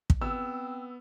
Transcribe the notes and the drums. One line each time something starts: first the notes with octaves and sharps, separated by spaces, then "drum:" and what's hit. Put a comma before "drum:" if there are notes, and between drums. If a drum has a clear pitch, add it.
drum: kick
B3 C4 E6